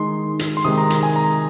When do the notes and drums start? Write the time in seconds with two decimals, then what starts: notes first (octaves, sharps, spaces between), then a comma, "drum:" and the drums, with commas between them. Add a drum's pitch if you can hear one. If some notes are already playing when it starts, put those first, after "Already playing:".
Already playing: D#3 G#3 D#4 C6
0.39 drum: hi-hat
0.57 C6
0.65 C3 D#3 G#3 D#6
0.78 A#5
0.90 drum: hi-hat
1.03 G#5
1.16 A#5